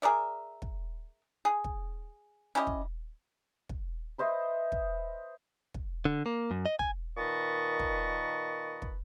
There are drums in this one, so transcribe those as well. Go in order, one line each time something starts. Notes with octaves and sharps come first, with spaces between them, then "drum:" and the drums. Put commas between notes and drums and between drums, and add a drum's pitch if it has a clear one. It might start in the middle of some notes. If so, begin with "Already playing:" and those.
G#4 A#4 D5 E5
drum: kick
G#4
drum: kick
C#4 E4 G4 D#5
drum: kick
drum: kick
B4 C5 D#5 E5
drum: kick
drum: kick
D3
A#3
F#2
D#5
G#5, drum: kick
A#2 D#3 B4 D#5 A5 C#6
drum: kick
drum: kick